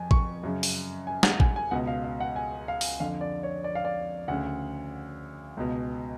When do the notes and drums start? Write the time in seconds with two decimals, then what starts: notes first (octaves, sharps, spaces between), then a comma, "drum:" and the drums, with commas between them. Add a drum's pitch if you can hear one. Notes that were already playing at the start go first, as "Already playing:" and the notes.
Already playing: F2 G#5
0.11 C#6, drum: kick A1
0.43 F#2 C#3
0.63 drum: open hi-hat
1.07 G#5
1.23 F#5, drum: snare
1.40 G#5, drum: kick A1
1.56 G#5
1.71 C#2 B2 F#5
1.87 F5
2.04 F5
2.20 F#5
2.36 G#5
2.68 F5
2.81 drum: open hi-hat
3.00 F2 D3 F5
3.21 D5
3.43 C#5
3.64 D5
3.75 F5
3.85 D5
4.28 D2 C#3 F#5
5.57 C#2 B2